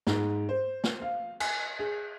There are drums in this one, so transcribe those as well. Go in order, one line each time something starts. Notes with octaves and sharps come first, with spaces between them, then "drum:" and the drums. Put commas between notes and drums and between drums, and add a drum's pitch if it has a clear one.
G#2, drum: snare
C5
drum: snare
F5
G#5, drum: cymbal
G#4